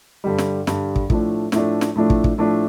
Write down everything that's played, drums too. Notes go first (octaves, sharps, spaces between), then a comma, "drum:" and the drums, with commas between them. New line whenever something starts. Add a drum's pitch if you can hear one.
G2 D3 G3
drum: snare
G2 D3 G3, drum: snare
drum: kick
A2 F3 A3 D4, drum: kick
A2 F3 A3 D4, drum: snare
drum: snare
A2 F3 A3 D4
drum: kick
drum: kick
A2 F3 A3 D4